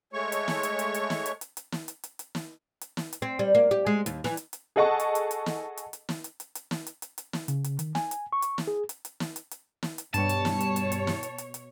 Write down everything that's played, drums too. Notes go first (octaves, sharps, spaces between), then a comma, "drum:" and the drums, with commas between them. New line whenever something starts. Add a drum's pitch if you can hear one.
G#3 A3 C#5 C#6
drum: hi-hat
drum: snare
drum: hi-hat
drum: hi-hat
drum: hi-hat
drum: snare
drum: hi-hat
drum: hi-hat
drum: hi-hat
drum: snare
drum: hi-hat
drum: hi-hat
drum: hi-hat
drum: snare
drum: hi-hat
drum: snare
drum: hi-hat
C4
G3
A#3
G4
G#3
D#2, drum: hi-hat
E3, drum: snare
drum: hi-hat
drum: hi-hat
G#4 A4 D#5 F#5 A5 C#6
drum: hi-hat
drum: hi-hat
drum: hi-hat
drum: snare
drum: hi-hat
drum: hi-hat
drum: snare
drum: hi-hat
drum: hi-hat
drum: hi-hat
drum: snare
drum: hi-hat
drum: hi-hat
drum: hi-hat
drum: snare
C#3, drum: hi-hat
drum: hi-hat
D#3, drum: hi-hat
G#5, drum: snare
drum: hi-hat
C#6
drum: hi-hat
drum: snare
G#4
drum: hi-hat
drum: hi-hat
drum: snare
drum: hi-hat
drum: hi-hat
drum: snare
drum: hi-hat
G2 B2 G3 C#5 A5, drum: hi-hat
drum: hi-hat
drum: snare
drum: hi-hat
drum: hi-hat
drum: hi-hat
drum: snare
drum: hi-hat
drum: hi-hat
drum: hi-hat